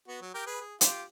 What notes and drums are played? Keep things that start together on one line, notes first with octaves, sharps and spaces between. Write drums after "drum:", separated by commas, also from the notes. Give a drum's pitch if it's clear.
B3 F#4
F#3
G4 A#4 G5
G#4 B4
G#4
F4 G4, drum: hi-hat